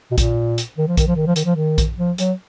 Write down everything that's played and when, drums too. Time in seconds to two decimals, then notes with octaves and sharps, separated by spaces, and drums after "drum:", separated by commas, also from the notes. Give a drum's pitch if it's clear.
0.11 B2
0.18 A#2, drum: kick A#1, hi-hat
0.58 drum: hi-hat
0.78 D#3
0.88 F3
0.97 D#3, drum: kick A#1, hi-hat
1.07 F3
1.16 D#3
1.27 F3
1.36 D#3, drum: hi-hat
1.45 F3
1.55 D#3
1.78 drum: kick A#1, hi-hat
1.98 F3
2.18 F#3, drum: hi-hat